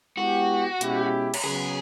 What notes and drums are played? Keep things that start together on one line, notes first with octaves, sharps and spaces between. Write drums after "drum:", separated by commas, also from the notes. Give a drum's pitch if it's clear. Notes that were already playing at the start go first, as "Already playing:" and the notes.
G#3 B3 E4 F#4 G4
B2 G#3 C#4 E4 G4, drum: hi-hat
drum: cymbal
C#3 F#3 B3 G#4